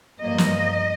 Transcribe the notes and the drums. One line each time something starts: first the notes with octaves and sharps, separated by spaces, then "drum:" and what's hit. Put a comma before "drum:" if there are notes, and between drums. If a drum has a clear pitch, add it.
G2 F3 A#3 D#5
drum: snare